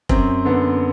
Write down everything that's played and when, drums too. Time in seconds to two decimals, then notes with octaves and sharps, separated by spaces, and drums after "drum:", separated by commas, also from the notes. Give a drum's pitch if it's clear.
0.09 F#2 C4, drum: kick
0.45 D3 B3